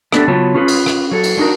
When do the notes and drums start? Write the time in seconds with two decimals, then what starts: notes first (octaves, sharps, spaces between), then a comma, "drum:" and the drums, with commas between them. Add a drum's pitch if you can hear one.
0.12 A3 B3 D4 D#4 G4 A4, drum: rim click
0.28 C#3 F#3 B3 F4 C#5 A5
0.55 C#4 F4 G#4 B4
0.68 drum: cymbal
0.86 drum: rim click
1.12 F#3 A4
1.23 drum: cymbal
1.37 F#3 D4 D#4 F#4 A#4